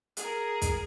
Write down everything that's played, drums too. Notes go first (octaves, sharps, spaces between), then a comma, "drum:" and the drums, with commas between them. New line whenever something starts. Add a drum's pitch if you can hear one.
G#4 A#4, drum: hi-hat
drum: kick, hi-hat